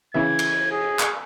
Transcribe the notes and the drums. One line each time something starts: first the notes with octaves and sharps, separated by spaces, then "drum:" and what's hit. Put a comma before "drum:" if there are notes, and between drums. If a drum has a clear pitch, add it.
C#3 E3 E5 G#6
drum: cymbal
G#4
drum: clap